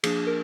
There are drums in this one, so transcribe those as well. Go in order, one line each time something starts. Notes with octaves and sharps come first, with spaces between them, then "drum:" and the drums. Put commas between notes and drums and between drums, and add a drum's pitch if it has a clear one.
F3 A#3 D4 G#4, drum: cymbal
A#4